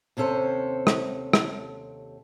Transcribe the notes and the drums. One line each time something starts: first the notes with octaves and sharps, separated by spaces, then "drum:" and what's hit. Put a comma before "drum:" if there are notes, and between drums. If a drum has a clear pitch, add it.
D#2 C3 C#4 A4 C5
drum: rim click
drum: rim click